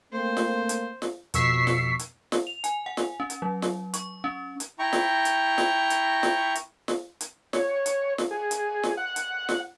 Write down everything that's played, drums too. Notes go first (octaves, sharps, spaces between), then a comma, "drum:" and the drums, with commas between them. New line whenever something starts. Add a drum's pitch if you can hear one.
A3 A#3 C4 C5
drum: snare
drum: hi-hat
drum: snare
F2 B2 C#6 E6 B6 C7, drum: hi-hat
drum: snare
drum: hi-hat
drum: snare
F7
G#5, drum: hi-hat
F#5
drum: snare
C#4
drum: hi-hat
F#3
drum: snare
C#6, drum: hi-hat
C#4
drum: hi-hat
E4 G5 A#5 C#6
drum: snare
drum: hi-hat
drum: snare
drum: hi-hat
drum: snare
drum: hi-hat
drum: snare
drum: hi-hat
C#5, drum: snare
drum: hi-hat
drum: snare
G#4
drum: hi-hat
drum: snare
F#5
drum: hi-hat
drum: snare